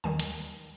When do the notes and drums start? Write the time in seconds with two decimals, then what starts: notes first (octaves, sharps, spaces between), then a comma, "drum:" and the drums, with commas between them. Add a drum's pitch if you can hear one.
0.04 D#2 D#3 G3 G#5
0.20 drum: hi-hat